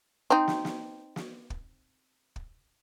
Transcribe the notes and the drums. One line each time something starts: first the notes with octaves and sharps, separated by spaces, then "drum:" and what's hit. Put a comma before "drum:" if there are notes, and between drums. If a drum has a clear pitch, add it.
C4 D#4
drum: snare
drum: snare
drum: snare
drum: kick
drum: kick